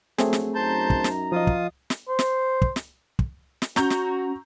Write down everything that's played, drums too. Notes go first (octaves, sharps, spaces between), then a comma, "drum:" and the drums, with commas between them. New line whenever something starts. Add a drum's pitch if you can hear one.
A#1 F#3 A3 C4 G#4, drum: snare
drum: snare
F#2 D#4 C5 A5 A#5 G6
drum: kick
drum: snare
F3 F4 D#5 D#6
drum: kick
drum: snare
C5
drum: snare
drum: kick
drum: snare
drum: kick
drum: snare
C#4 F#4 A#5 C#6 G6, drum: snare
drum: snare